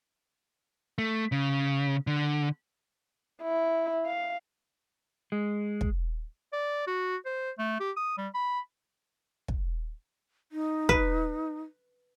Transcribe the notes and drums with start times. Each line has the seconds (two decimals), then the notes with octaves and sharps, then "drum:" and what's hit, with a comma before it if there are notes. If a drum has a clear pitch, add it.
0.98 A3
1.32 C#3
2.07 D3
3.42 E4
4.05 F5
5.32 G#3
5.81 drum: kick
6.53 D5
6.87 F#4
7.25 C5
7.59 A3
7.80 G4
7.97 D#6
8.18 G3
8.35 B5
9.48 drum: kick
10.52 D#4
10.89 B4, drum: kick